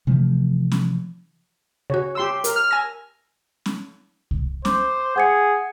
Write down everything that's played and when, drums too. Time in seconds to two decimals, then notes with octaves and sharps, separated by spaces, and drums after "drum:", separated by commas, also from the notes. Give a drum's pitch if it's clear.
0.07 C3 E3 F3 A3
0.72 drum: snare C#4
1.90 C#3 F#4 C#5
2.15 G4 C6 E6
2.44 A#4, drum: hi-hat
2.56 F6
2.71 G#5 E6 A#6
3.66 drum: snare C#4
4.31 drum: kick C2
4.65 C5 D6, drum: snare C#4
5.16 G#4 F#5 G#6 C#7